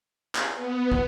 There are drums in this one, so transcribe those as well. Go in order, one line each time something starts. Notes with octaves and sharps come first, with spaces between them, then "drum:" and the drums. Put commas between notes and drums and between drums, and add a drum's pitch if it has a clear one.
drum: clap
B3
drum: kick